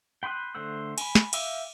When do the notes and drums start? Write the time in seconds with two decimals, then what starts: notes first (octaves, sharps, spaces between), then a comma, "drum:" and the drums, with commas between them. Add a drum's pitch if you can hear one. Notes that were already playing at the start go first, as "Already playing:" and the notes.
0.23 G5 B5 C6 D#6 F#6
0.55 D3 A3 C5 F#5 E6
0.98 G#5 B5, drum: cymbal
1.15 drum: snare
1.33 E5 F5 G5 D6 E6, drum: cymbal